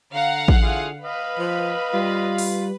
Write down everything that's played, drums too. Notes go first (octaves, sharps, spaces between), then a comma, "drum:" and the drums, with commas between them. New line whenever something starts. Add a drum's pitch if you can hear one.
D3 F5 F#5 A#5
drum: kick A1
E4 F4 G#4
B4 D#5 F5
F3
G3 F4
drum: open hi-hat